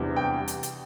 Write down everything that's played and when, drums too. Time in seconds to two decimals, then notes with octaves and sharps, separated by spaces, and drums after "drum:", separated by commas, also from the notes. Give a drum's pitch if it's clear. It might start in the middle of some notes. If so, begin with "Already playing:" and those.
Already playing: E2 C3 G3 D4
0.16 G5
0.48 drum: hi-hat
0.63 drum: hi-hat